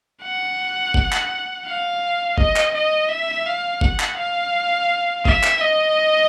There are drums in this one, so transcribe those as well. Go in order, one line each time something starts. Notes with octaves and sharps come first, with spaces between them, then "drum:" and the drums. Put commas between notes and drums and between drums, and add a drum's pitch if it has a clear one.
F#5
drum: kick F#1
drum: clap
F5
D#5, drum: kick F#1
drum: clap
D#5
E5
F5
F#5, drum: kick F#1
drum: clap
F5
E5, drum: kick F#1
drum: clap
D#5